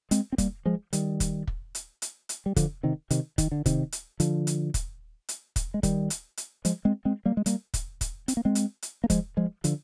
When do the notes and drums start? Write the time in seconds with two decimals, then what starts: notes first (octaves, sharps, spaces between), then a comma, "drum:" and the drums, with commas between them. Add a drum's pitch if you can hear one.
0.11 G#3 C4, drum: hi-hat
0.32 C4
0.38 G3 A#3, drum: kick, hi-hat
0.66 F3 G#3
0.93 D#3 G3, drum: hi-hat
1.20 drum: kick, hi-hat
1.47 drum: kick
1.75 drum: hi-hat
2.02 drum: hi-hat
2.29 drum: hi-hat
2.46 G3
2.56 D3 F3, drum: kick, hi-hat
2.83 C3 D#3
3.10 C3 D#3, drum: hi-hat
3.38 D#3, drum: kick, hi-hat
3.52 D3
3.66 C3 D#3, drum: kick, hi-hat
3.92 drum: hi-hat
4.20 D3 F3, drum: hi-hat
4.47 drum: hi-hat
4.74 drum: kick, hi-hat
5.29 drum: hi-hat
5.56 drum: kick, hi-hat
5.74 G#3
5.83 D#3 G3, drum: kick, hi-hat
6.10 drum: hi-hat
6.37 drum: hi-hat
6.65 F3 G#3, drum: hi-hat
6.85 G#3 C4
7.05 G#3 C4
7.25 G3 A#3
7.37 G#3
7.46 G3 A#3, drum: hi-hat
7.74 drum: kick, hi-hat
8.01 drum: kick, hi-hat
8.28 C4, drum: hi-hat
8.37 A#3
8.45 G#3 C4
8.55 drum: hi-hat
8.82 drum: hi-hat
9.04 A#3
9.10 F3 G#3, drum: kick, hi-hat
9.37 F3 G#3
9.64 D3 F3, drum: hi-hat